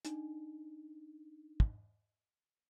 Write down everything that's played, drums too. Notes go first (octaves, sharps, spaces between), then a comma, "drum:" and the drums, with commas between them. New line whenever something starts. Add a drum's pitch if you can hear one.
D4 D#4, drum: hi-hat
drum: kick